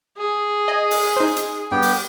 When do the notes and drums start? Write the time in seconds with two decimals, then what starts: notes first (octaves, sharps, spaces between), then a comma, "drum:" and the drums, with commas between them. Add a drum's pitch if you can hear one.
0.17 G#4
0.68 D#5 G#5
0.91 drum: open hi-hat
1.16 D#4 C5
1.36 drum: hi-hat
1.72 G2 B3 G4 G5
1.82 drum: open hi-hat